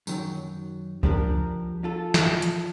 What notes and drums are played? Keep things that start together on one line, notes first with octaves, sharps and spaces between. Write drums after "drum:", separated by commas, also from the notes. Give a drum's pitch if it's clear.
F#2 D#3 F#3, drum: tambourine
F3 G3 D4 G4 A#4, drum: kick C#2
F4 A4
drum: snare
drum: hi-hat